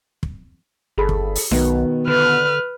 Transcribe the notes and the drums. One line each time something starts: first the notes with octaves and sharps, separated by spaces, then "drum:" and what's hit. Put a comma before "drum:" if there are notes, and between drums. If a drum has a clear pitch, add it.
drum: kick
G1 G#4 A4 B5
drum: kick
drum: open hi-hat
B1 B2 D#3 B3, drum: snare
D3 B4 F6